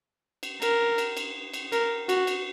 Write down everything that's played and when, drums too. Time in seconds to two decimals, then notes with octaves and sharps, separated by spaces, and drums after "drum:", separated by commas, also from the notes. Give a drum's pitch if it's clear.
0.43 drum: cymbal
0.62 A#4, drum: cymbal
0.98 drum: cymbal
1.17 drum: cymbal
1.54 drum: cymbal
1.72 A#4, drum: cymbal
2.09 F#4, drum: cymbal
2.27 drum: cymbal